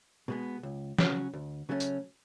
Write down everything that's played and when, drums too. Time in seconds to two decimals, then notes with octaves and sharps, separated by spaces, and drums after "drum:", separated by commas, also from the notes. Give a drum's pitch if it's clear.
0.28 B2 G#3 B3
0.63 C#2
0.99 C#3 F#3 C#4 F#4, drum: snare
1.33 D2
1.69 C#3 F#3 A3 C#4
1.80 drum: tambourine